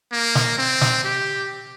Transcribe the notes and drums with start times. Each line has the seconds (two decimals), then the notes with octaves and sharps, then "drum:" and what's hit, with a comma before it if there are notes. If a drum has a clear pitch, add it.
0.12 A#3
0.35 drum: snare
0.58 C4
0.81 drum: snare
1.04 G4